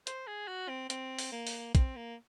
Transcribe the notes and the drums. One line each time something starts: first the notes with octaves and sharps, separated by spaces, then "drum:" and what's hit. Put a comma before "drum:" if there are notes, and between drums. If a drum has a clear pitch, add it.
C5, drum: hi-hat
G#4
F#4
C4
C4, drum: hi-hat
drum: open hi-hat
A#3
drum: open hi-hat
C4, drum: kick, hi-hat
A#3